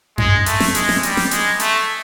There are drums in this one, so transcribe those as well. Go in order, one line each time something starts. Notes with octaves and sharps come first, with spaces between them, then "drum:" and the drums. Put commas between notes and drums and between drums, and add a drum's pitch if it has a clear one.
G#3, drum: tom F#2
A3, drum: hi-hat
drum: snare
G#3, drum: hi-hat
drum: snare
G3, drum: hi-hat
drum: snare
G#3, drum: hi-hat
A3, drum: hi-hat